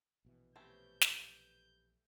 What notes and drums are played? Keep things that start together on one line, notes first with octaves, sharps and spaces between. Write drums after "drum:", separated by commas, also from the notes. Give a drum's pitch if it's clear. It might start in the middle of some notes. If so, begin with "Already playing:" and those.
A#1 B2 E3
A3 C4 C#4 G4 B4 A5 G6
drum: snare